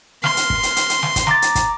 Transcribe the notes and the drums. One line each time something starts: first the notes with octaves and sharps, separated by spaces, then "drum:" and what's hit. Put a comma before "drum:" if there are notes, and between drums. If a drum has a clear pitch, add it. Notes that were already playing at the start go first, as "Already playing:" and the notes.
C6 F6, drum: snare
drum: hi-hat
drum: kick
drum: hi-hat
drum: hi-hat
drum: hi-hat
drum: snare
drum: kick, hi-hat
A#5 D6 A6, drum: snare
drum: hi-hat
drum: kick, hi-hat